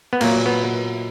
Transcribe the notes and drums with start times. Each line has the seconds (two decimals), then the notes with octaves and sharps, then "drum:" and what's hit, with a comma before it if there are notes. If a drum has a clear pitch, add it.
0.13 B3
0.21 A#2 F#3 A#3, drum: cymbal
0.46 B3